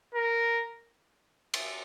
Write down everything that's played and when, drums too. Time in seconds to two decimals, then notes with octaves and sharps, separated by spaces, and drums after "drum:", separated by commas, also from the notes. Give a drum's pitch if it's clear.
0.15 A#4
1.54 drum: cymbal